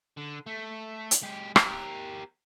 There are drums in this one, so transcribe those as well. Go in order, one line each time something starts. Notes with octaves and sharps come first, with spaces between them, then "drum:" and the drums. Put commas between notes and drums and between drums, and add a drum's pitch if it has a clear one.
D3
A3
drum: hi-hat
G#3 G4
G4 A#4, drum: rim click